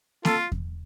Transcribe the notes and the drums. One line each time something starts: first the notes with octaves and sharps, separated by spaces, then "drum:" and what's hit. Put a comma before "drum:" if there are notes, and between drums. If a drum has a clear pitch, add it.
F4 A4, drum: snare A#3
drum: kick E2